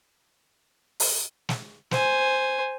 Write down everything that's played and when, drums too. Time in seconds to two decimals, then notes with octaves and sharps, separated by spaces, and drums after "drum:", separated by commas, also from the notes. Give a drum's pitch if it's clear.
1.00 drum: open hi-hat
1.49 drum: snare
1.91 C5 G#5, drum: snare